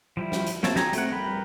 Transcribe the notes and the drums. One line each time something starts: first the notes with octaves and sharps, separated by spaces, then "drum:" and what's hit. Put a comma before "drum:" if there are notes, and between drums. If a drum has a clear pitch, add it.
F3 G3 E4
drum: snare
drum: hi-hat
A#3 C4 C#5 E5 A5, drum: snare
D#4 G4 G#5 A#5, drum: snare
A3 C4 F#5, drum: hi-hat
G3 G4 A#4 B4 B5